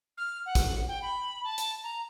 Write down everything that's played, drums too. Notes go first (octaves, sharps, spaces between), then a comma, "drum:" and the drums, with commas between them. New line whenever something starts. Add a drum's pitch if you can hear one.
F6
F#5
drum: kick, hi-hat
G5
B5
A5
drum: hi-hat
A#5